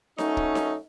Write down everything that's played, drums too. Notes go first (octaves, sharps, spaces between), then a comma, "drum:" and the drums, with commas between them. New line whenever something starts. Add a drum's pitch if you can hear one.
F#3 A3 C#4 D#4, drum: snare D#4
drum: kick
drum: snare D#4